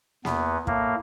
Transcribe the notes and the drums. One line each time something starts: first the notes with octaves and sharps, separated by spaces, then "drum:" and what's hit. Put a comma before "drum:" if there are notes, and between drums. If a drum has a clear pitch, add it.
E2 B3, drum: snare A#3
A2 A#3, drum: kick